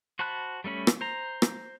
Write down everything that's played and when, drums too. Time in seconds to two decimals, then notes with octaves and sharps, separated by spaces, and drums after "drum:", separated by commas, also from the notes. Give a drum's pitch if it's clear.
0.19 F#4 C5 A5 B5 F#6
0.64 G3 A3 C#4 B5
0.87 drum: rim click
1.01 C5 A#5
1.42 drum: rim click